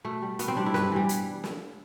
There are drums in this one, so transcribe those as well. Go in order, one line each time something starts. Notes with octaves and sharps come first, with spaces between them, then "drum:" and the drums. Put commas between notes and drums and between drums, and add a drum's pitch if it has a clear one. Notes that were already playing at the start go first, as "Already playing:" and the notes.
B2 A3
G3
B2 B3, drum: hi-hat
C4
G3 D4
E4
G2 B4, drum: snare
E3 G3
drum: hi-hat
drum: snare